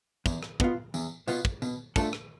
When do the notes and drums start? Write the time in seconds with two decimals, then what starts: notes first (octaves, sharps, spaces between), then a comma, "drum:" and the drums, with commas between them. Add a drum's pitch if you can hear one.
0.26 E2, drum: kick, tambourine
0.43 drum: rim click
0.60 B2 B3 F4, drum: kick
0.94 E2, drum: tambourine
1.28 B2 B3 F4, drum: tambourine
1.45 drum: kick
1.62 B2, drum: tambourine
1.96 A3 D4 F4 A4, drum: kick, tambourine
2.13 drum: rim click